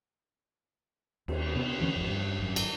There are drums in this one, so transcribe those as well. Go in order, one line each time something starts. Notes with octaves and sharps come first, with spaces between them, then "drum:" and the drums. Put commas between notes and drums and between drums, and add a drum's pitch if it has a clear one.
D#2, drum: cymbal
C3 B3
D2 E3 A#3 C#4
G#1 F2
G2
G#1 F#2
drum: cymbal